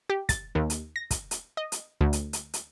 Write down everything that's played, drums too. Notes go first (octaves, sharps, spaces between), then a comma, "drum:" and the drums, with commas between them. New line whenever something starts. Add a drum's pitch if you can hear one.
G4
A6, drum: kick, hi-hat
D#2
drum: hi-hat
A#6
drum: kick, hi-hat
drum: hi-hat
D#5
drum: hi-hat
D2
drum: hi-hat
drum: hi-hat
drum: hi-hat